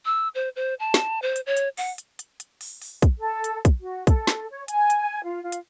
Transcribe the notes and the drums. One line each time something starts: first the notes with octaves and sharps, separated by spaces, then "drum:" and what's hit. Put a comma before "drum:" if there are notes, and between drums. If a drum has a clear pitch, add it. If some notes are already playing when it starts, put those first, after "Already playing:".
E6
C5
C5
A5
drum: snare
C5
drum: hi-hat
C#5
drum: hi-hat
F#5, drum: open hi-hat
drum: hi-hat
drum: hi-hat
drum: hi-hat
drum: open hi-hat
drum: open hi-hat
drum: kick, hi-hat
A4
drum: hi-hat
drum: kick, hi-hat
F#4
A4, drum: kick, hi-hat
drum: snare
C#5
G#5, drum: hi-hat
drum: hi-hat
F4
F4
drum: hi-hat